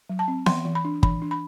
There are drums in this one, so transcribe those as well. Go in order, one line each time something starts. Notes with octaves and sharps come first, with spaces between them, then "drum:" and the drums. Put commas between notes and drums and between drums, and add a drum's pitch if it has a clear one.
F#3
A5
C4
E3 C6, drum: snare B3
E3
B5
D4
E3 B5, drum: kick
D4
B5